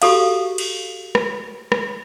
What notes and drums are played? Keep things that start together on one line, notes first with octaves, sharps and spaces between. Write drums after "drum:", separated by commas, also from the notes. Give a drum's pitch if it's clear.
F#4 G4 A4 F5, drum: cymbal
drum: cymbal
drum: rim click
drum: rim click